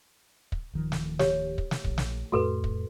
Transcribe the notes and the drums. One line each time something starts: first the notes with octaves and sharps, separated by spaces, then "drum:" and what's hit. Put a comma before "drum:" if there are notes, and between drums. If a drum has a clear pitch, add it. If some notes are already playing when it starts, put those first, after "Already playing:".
drum: kick
D1 D#3 F3
drum: snare
G4 C#5, drum: snare
drum: kick
drum: snare
A#1, drum: kick
drum: snare
F2 A2 A3 F#4 A4 B4
drum: kick